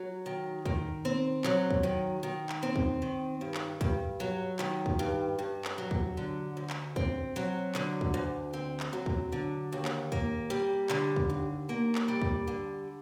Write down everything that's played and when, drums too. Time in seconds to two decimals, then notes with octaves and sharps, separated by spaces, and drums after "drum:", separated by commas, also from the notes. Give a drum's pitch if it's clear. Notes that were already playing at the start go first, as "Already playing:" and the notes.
Already playing: F#3
0.26 D#3
0.66 D#3, drum: kick
1.05 C4
1.44 F#3, drum: clap
1.71 drum: kick
1.83 D#3
2.23 D#3
2.49 drum: clap
2.63 C4
2.76 drum: kick
3.02 D#3
3.41 G2
3.54 drum: clap
3.81 G2, drum: kick
4.20 F#3
4.59 D#3, drum: clap
4.86 drum: kick
4.99 G2
5.39 G2
5.65 drum: clap
5.78 F#3
5.91 drum: kick
6.17 D3
6.57 D2
6.70 drum: clap
6.96 C4, drum: kick
7.36 F#3
7.75 D3, drum: clap
8.01 drum: kick
8.14 D2
8.53 C4
8.80 drum: clap
8.93 F#3
9.06 drum: kick
9.32 D3
9.73 D#2
9.85 drum: clap
10.12 A#3, drum: kick
10.50 G3
10.90 D3, drum: clap
11.16 drum: kick
11.30 D#2
11.69 A#3
11.95 drum: clap
12.08 G3
12.22 drum: kick
12.47 D3